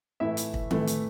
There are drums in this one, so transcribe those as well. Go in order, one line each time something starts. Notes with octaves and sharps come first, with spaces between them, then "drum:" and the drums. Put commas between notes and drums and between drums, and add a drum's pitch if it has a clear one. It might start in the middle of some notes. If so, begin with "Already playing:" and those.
A2 E3 A3 E4 E5
drum: hi-hat
drum: kick
A2 E3 A3, drum: tom D#3
drum: hi-hat